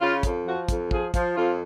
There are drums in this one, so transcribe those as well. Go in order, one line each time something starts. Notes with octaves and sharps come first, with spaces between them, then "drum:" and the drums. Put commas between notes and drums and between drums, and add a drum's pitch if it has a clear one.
C#3 F4
F2, drum: kick, hi-hat
F3 F#4
F2, drum: kick, hi-hat
F3 G#4, drum: kick
F3, drum: kick, hi-hat
F2 F4